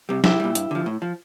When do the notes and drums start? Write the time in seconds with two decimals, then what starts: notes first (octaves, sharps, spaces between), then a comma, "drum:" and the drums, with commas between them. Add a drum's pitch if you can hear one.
0.09 C3 G3
0.24 C2 E4 G4, drum: snare
0.40 A#2 G3
0.55 G2, drum: hi-hat
0.71 D3 F3
0.86 A2
1.02 F3